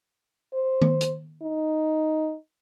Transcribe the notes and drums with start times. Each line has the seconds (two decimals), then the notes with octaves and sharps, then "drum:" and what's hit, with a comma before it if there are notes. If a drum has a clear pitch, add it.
0.54 C5
0.82 drum: tom D#3
1.01 drum: hi-hat
1.42 D#4